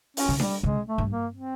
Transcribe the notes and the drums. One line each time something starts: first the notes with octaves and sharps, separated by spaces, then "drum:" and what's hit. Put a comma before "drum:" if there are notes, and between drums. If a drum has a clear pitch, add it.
C#4, drum: open hi-hat
C#3
G3, drum: snare D4
C#3 G#3
A3
G2
A#3
C4